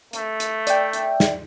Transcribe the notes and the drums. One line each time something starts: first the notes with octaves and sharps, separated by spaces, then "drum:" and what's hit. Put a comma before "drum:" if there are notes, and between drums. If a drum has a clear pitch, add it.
A3, drum: hi-hat
drum: hi-hat
D5 E5 G5, drum: hi-hat
drum: hi-hat
drum: snare